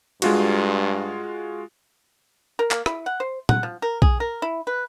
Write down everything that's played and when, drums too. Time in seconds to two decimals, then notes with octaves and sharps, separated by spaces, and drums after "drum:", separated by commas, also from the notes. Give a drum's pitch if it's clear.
0.22 G2 G#3 F4 F#4, drum: cymbal
2.59 A#4
2.71 A#3, drum: clap
2.86 E4, drum: rim click
3.06 F#5
3.20 C5
3.49 F#5, drum: tom
3.63 F3
3.82 A#4
4.02 G#4, drum: kick B1
4.20 A#4
4.42 E4
4.67 B4